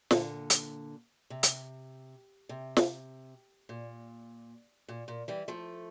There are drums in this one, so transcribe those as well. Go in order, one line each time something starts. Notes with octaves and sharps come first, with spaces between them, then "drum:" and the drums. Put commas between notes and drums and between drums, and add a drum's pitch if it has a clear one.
A#2 D3, drum: snare
drum: hi-hat
C3
drum: hi-hat
C3
drum: snare
A#2
A#2
A#2
E3 G3
F3 A3